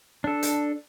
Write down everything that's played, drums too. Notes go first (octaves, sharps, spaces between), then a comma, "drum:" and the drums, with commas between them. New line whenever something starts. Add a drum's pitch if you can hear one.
D4 A4
drum: hi-hat